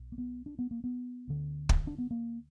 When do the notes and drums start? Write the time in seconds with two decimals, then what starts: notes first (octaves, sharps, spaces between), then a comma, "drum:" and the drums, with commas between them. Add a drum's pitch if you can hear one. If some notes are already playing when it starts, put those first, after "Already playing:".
Already playing: B1 B2
0.12 A#3
0.18 B3
0.46 D4
0.59 B3
0.71 A#3
0.84 B3
1.28 D2 D3
1.69 drum: kick
1.87 D4
1.98 B3
2.11 A#3